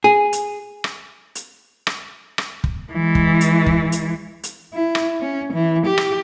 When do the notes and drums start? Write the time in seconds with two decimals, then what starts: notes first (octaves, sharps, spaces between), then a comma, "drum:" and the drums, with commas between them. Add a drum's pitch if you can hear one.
0.04 G#4
0.33 drum: hi-hat
0.84 drum: rim click
1.35 drum: hi-hat
1.87 drum: rim click
2.38 drum: rim click
2.64 drum: kick
2.93 E3 G#3
3.15 drum: kick
3.41 drum: hi-hat
3.66 drum: kick
3.92 drum: hi-hat
4.43 drum: hi-hat
4.74 E4
4.95 drum: rim click
5.21 C#4
5.53 E3
5.86 G4
5.98 drum: rim click